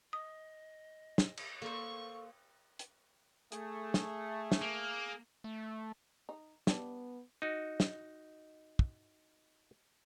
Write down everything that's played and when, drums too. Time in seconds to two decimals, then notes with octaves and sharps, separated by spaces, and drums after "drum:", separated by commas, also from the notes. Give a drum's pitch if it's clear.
0.13 D#5 D#6
1.18 drum: snare
1.37 drum: cymbal
1.62 A#3 A4 C5 C#6
2.79 drum: hi-hat
3.52 A3 G#4, drum: hi-hat
3.94 drum: snare
4.52 drum: snare
4.62 A#3
5.44 A3
6.29 D#4
6.67 G3 B3 D4, drum: snare
7.42 D#4 F#4 D#5
7.80 drum: snare
8.79 drum: kick